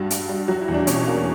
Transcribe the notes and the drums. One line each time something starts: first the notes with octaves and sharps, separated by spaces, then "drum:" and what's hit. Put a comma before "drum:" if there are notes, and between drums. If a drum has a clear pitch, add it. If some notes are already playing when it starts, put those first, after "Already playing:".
Already playing: G2 G3 F#4
G2, drum: hi-hat
G3
F#3 F#4
E4
E2
D4
B2 C#4, drum: hi-hat
A#3